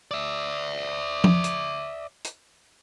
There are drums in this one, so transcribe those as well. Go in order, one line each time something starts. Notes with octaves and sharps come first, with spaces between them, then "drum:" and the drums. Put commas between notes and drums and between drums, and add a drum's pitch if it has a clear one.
D5 E5
drum: tom F3
drum: hi-hat
drum: hi-hat